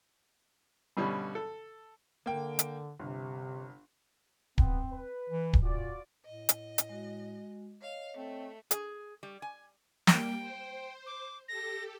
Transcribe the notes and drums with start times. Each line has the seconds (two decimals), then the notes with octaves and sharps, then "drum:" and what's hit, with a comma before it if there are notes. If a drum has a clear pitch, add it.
0.97 G2 B2 D3 G3 C#4
1.35 A4
2.26 D3 A#3 G5
2.59 drum: hi-hat
2.99 G1 C3
4.58 B3 C4, drum: kick D1
4.91 B4
5.30 E3
5.53 drum: kick D1
5.63 A#2 F4 F#4 D5
6.25 A2 D#5
6.49 drum: hi-hat
6.78 drum: hi-hat
6.89 G#3 F#4
7.82 C#5 D#5 F5
8.17 A3 C4
8.71 G#4, drum: hi-hat
9.23 G3
9.42 G#5
10.07 G3 A#3 G5, drum: snare
10.41 C5
11.06 D6
11.48 G4 A4 A#6